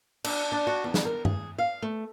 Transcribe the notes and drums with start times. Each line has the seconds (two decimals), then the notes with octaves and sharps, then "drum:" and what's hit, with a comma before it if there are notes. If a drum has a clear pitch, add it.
0.24 D4, drum: cymbal
0.52 D4
0.67 F#4
0.84 E2
0.94 drum: snare
1.05 A#4
1.25 G#4, drum: tom G2
1.59 F5
1.82 A3